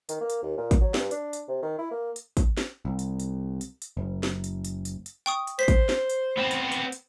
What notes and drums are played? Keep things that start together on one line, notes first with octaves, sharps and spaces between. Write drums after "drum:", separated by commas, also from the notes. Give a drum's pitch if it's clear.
D#3, drum: hi-hat
A#3
drum: hi-hat
D#2
A#2
drum: kick, hi-hat
F#3
G2, drum: snare
D4, drum: hi-hat
drum: hi-hat
C3
D#3
E4
A#3
drum: hi-hat
drum: kick, hi-hat
drum: snare
C2
drum: hi-hat
drum: hi-hat
drum: hi-hat
drum: hi-hat
F#1
drum: snare
drum: hi-hat
drum: hi-hat
drum: hi-hat
drum: hi-hat
G5 C#6 D#6
drum: hi-hat
C5 B6 C7
drum: kick, hi-hat
drum: snare
drum: hi-hat
B3 C4
drum: hi-hat
drum: hi-hat
drum: hi-hat